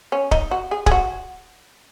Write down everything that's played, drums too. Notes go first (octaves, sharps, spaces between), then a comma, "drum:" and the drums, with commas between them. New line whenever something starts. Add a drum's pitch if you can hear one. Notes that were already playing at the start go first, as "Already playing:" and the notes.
C#4
D#4, drum: kick D1
F#4
G#4
G#4, drum: kick D1
F#4